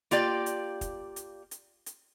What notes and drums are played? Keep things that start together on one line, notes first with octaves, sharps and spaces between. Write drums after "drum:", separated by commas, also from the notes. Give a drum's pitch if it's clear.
A#3 F4 G4 D5, drum: hi-hat
drum: hi-hat
drum: kick, hi-hat
drum: hi-hat
drum: hi-hat
drum: hi-hat